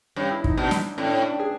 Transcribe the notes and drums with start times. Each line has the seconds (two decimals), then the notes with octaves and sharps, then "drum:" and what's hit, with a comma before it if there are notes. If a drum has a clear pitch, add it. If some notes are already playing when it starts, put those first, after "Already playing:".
0.16 G2 C#4
0.31 E4
0.44 D#4, drum: kick
0.57 B2 D4
0.71 drum: snare
0.98 A2 D4
1.10 C#4
1.23 D4
1.39 G#4